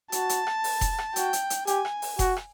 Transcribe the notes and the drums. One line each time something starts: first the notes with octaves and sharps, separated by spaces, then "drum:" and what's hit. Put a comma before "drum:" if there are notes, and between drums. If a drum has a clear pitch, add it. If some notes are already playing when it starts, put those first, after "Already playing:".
F#4 A5, drum: hi-hat
drum: hi-hat
drum: rim click
drum: open hi-hat
drum: kick F1, hi-hat
drum: rim click
F#4 G5, drum: hi-hat
drum: hi-hat
drum: hi-hat
G4 G#5, drum: hi-hat
drum: rim click
drum: open hi-hat
F#4, drum: kick F1, hi-hat
drum: rim click